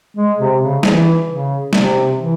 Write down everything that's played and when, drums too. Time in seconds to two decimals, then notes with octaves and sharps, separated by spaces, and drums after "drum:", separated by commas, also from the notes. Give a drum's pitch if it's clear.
0.17 G#3
0.39 C3
0.61 C#3
0.83 E3, drum: snare
1.28 C#3
1.73 C3, drum: snare
2.18 E3